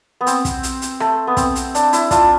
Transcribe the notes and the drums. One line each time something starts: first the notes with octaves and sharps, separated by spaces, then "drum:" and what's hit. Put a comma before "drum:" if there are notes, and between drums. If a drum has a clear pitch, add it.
B3
C4, drum: hi-hat
drum: kick, hi-hat
drum: hi-hat
drum: hi-hat
A3, drum: rim click
B3
C4, drum: kick, hi-hat
drum: hi-hat
D4, drum: hi-hat
E4, drum: hi-hat
D4 F4, drum: kick, hi-hat